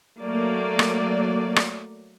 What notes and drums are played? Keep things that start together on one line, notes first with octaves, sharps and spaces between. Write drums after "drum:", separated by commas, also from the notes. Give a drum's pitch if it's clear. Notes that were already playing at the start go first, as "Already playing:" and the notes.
F#3 A3 A#3 D5
drum: rim click
drum: rim click